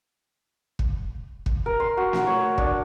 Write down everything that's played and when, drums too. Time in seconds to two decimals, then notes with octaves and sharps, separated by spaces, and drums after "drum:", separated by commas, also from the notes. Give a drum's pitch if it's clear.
0.79 drum: kick
1.46 drum: kick
1.66 A#4
1.80 C6
1.97 F#4
2.13 drum: snare
2.27 C#5
2.58 D4, drum: kick